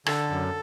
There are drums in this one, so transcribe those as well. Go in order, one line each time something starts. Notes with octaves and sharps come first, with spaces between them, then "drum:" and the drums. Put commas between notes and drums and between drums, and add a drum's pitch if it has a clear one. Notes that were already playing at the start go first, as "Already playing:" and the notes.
D3 A4, drum: rim click
F#2